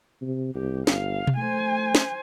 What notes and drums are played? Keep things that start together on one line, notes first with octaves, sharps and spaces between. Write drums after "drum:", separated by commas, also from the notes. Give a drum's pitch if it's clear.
C3
C2 G4
G1 F5, drum: snare
drum: tom B2
A3 C5 G#5
drum: snare